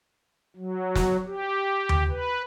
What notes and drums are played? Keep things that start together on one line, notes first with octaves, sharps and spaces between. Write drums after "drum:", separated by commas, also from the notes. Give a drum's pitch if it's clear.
F#3
drum: snare
G4
drum: tom D#2
B4